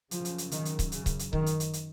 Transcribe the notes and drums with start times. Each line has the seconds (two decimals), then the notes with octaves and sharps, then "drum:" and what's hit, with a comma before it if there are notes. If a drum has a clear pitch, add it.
0.11 F#2 C#3 F3, drum: hi-hat
0.25 drum: hi-hat
0.38 drum: hi-hat
0.51 D#3, drum: hi-hat
0.65 drum: hi-hat
0.79 drum: kick C#1, hi-hat
0.92 C#3, drum: hi-hat
1.06 drum: kick C#1, hi-hat
1.19 drum: hi-hat
1.33 D#3, drum: kick C#1
1.46 drum: hi-hat
1.60 drum: hi-hat
1.73 drum: hi-hat